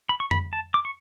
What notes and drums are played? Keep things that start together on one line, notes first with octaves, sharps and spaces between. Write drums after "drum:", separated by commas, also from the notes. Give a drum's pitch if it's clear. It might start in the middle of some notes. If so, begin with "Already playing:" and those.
B5
C#6
B5, drum: tom F2
A5
D6
C#6